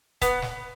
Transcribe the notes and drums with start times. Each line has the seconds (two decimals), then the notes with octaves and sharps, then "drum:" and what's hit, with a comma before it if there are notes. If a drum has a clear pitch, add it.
0.22 B3, drum: kick, hi-hat
0.42 drum: snare